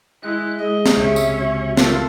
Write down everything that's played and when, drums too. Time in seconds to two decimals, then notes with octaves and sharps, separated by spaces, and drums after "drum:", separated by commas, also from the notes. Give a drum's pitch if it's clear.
0.23 G#3 E4 F#6
0.59 G#3 G#4 D#5
0.86 drum: snare
0.98 C#2 C3 C#4 C#5 E5
1.16 drum: tambourine
1.40 F#4
1.77 A3 B3 F4 A4 A#4 F5, drum: snare